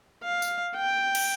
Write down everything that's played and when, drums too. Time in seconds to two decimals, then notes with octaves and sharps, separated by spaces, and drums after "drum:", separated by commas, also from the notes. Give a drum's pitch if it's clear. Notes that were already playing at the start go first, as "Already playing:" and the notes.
0.24 F5
0.42 drum: tambourine
0.76 G5
1.15 drum: cymbal